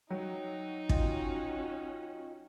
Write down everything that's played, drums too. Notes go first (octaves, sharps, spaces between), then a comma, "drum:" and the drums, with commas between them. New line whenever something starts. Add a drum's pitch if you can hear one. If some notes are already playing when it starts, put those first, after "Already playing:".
F#3 D#4 F#4 G5
C#4 F4 F#4 D#5 G5, drum: kick